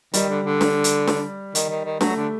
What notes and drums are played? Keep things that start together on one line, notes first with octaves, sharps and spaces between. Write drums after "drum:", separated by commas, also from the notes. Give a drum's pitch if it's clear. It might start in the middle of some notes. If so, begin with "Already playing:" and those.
D#3 G3, drum: hi-hat
D3
D3
drum: snare
drum: hi-hat
drum: snare
D#3, drum: hi-hat
D#3
D#3
F#3 A3, drum: snare
D3